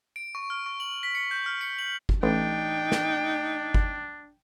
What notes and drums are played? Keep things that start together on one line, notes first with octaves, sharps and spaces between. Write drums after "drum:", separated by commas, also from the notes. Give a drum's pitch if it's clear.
D7
C#6
F6
C#6
F#7
B6
C#7
G6
F6
C#7
F#7
drum: kick G1
A1 D4 D#4 G5
drum: snare
drum: kick G1